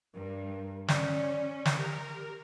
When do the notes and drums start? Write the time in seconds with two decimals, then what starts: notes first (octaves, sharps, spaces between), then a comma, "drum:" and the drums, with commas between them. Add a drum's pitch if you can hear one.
0.14 G2 A#4
0.88 C#4 D5, drum: snare
1.65 drum: snare
1.77 G4 A#4